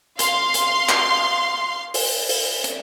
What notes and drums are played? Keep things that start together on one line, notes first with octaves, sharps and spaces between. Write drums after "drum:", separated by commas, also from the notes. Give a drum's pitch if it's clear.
F5 C6, drum: hi-hat
drum: hi-hat
drum: clap
drum: open hi-hat
drum: open hi-hat
drum: hi-hat